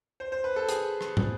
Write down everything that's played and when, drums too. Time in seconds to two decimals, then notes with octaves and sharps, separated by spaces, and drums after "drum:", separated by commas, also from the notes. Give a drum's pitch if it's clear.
0.20 C5
0.32 C5
0.44 B4
0.56 A4
0.69 G#4, drum: hi-hat
1.01 drum: rim click
1.17 drum: tom